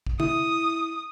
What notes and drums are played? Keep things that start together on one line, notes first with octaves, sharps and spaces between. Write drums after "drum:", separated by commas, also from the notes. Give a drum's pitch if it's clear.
drum: kick A1
E4 D#6, drum: tom C#3